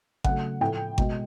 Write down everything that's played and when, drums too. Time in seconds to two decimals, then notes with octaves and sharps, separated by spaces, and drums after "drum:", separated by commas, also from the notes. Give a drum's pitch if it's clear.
0.24 C#3 F#3 A3 F#5, drum: kick G#1
0.61 A2 F3 A3 G5
0.98 B2 G#3, drum: kick G#1